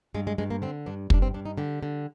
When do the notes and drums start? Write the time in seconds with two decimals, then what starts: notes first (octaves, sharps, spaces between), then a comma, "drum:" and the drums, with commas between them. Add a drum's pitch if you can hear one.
0.14 G2 G#3
0.27 G#3
0.38 G2 G#3
0.50 A#3
0.62 D3 C4
0.86 G2 D4
1.10 G2 D4, drum: kick
1.22 C4
1.34 G2 D4
1.46 D#4
1.58 D3 G4
1.83 D3